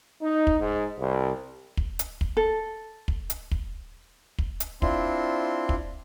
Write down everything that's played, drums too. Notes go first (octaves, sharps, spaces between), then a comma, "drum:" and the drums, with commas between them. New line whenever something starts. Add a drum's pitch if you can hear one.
D#4
drum: kick
G#2
C2
drum: kick
drum: hi-hat
drum: kick
A4
drum: kick
drum: hi-hat
drum: kick
drum: kick
drum: hi-hat
C4 D4 E4 F4 C6, drum: kick
drum: kick